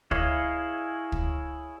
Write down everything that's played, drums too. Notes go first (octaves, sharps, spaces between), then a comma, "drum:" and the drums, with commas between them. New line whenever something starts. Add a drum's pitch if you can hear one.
E4 G#4 C#5 D#5 F5, drum: kick
drum: kick